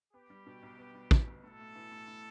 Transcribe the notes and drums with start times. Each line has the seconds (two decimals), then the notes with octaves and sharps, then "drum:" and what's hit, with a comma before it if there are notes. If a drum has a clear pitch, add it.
0.14 B3 G4
0.30 G3
0.46 B2
0.63 B1
0.79 B3
0.94 G3
1.11 B2, drum: kick
1.27 B1
1.43 A2 A4
1.59 A3
1.75 E3
1.92 A2
2.08 A2